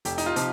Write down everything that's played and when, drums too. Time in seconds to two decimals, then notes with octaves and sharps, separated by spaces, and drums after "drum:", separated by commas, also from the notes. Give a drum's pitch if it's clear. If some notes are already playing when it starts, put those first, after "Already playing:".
0.05 F1 G4, drum: hi-hat
0.18 D#4, drum: hi-hat
0.26 F4
0.36 C3 F3, drum: hi-hat